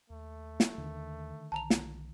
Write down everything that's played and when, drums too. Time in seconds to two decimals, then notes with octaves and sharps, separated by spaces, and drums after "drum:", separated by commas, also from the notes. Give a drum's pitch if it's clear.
0.10 D#2 A3
0.60 drum: snare
0.78 D#2 D3 D#3
1.52 B1 A5 A#5 F7
1.70 drum: snare